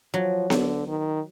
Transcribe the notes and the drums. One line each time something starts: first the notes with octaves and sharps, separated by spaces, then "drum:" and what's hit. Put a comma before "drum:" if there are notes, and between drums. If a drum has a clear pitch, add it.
F3 F#3
D3, drum: snare B3
D#3